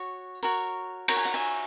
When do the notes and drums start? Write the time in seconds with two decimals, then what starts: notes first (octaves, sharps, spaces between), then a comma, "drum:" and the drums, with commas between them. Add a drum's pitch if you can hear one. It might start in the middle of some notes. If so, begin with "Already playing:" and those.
Already playing: F#4 C#5
0.43 F#4 A#4 C#5
1.08 F#4 A#4 C#5 A#5, drum: cymbal
1.17 G#5
1.25 F#5
1.34 E5 G#5